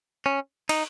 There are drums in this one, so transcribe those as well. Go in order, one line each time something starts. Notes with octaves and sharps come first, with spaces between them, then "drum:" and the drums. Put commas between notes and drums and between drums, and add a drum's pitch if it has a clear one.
C#4
D#4, drum: cymbal